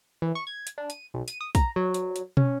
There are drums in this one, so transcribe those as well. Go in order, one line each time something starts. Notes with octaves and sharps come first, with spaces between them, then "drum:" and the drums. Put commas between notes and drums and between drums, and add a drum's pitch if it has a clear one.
E3
C#6
G#6
drum: hi-hat
D4
D#7, drum: hi-hat
B1
D#7, drum: hi-hat
D#6
A#5, drum: kick, hi-hat
F#3
drum: hi-hat
drum: hi-hat
C#4, drum: tom B2